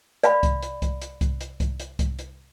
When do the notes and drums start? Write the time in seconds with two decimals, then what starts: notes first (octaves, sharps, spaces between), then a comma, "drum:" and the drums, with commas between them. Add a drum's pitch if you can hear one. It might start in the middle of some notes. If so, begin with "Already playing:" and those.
0.24 D5 F5 B5, drum: hi-hat
0.43 drum: kick C2, hi-hat
0.63 drum: hi-hat
0.82 drum: kick C2, hi-hat
1.02 drum: hi-hat
1.21 drum: kick C2, hi-hat
1.41 drum: hi-hat
1.60 drum: kick C2, hi-hat
1.80 drum: hi-hat
1.99 drum: kick C2, hi-hat
2.19 drum: hi-hat